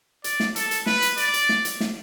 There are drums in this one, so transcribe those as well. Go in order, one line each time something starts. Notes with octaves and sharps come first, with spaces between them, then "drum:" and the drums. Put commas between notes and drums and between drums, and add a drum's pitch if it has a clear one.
D5, drum: hi-hat
drum: snare
A4, drum: hi-hat
drum: hi-hat
B4, drum: snare
drum: hi-hat
D5, drum: hi-hat
drum: hi-hat
drum: snare
drum: hi-hat
drum: snare